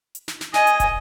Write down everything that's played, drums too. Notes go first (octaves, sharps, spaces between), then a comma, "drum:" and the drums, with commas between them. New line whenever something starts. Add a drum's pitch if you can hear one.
drum: hi-hat
drum: snare
drum: snare
D#5 G#5, drum: snare
drum: hi-hat
drum: kick, hi-hat